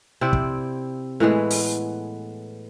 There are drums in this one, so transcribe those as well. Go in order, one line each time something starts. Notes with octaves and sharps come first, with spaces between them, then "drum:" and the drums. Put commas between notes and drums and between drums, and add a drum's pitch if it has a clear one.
C3 C4 E4 D5
drum: kick
A2 E3 G#3 B3
drum: open hi-hat